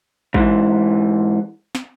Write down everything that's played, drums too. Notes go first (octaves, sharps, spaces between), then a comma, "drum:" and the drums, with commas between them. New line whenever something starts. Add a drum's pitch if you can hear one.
G#2 E3, drum: kick
drum: snare